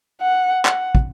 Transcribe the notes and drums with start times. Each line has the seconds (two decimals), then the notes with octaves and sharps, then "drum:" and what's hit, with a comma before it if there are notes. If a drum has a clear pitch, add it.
0.21 F#5
0.65 F#5, drum: clap
0.95 drum: kick